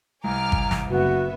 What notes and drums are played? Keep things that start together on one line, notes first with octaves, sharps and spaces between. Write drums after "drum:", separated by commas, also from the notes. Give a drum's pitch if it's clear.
C2 G#5 A#5 D6 F6
drum: kick G1
drum: snare
F#1 B3 F#4 E5